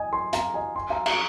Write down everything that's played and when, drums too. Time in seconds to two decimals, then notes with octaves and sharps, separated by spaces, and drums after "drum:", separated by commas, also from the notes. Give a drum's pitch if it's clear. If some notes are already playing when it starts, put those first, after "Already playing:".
Already playing: D#5 G#5
0.13 G#5 C6
0.33 F5 A#5, drum: hi-hat
0.54 D#5 G#5
0.76 G#5 C6
0.90 F5 A#5
1.06 F5 A#5, drum: cymbal